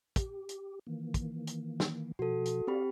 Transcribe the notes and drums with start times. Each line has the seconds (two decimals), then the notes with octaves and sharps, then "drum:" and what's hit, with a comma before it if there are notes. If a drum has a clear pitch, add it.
0.16 G4, drum: kick, hi-hat
0.49 drum: hi-hat
0.87 D#3 E3 A#3
1.14 drum: kick, hi-hat
1.47 drum: hi-hat
1.80 drum: snare
2.19 B2 F3 F#4 A4
2.45 drum: hi-hat
2.67 C4 G4 D5 F5 B5